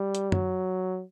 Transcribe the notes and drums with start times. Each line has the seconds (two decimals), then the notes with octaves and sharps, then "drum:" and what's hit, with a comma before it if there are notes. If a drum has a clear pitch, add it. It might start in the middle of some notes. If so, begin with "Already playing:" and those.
Already playing: G3
0.15 drum: hi-hat
0.32 F#3, drum: tom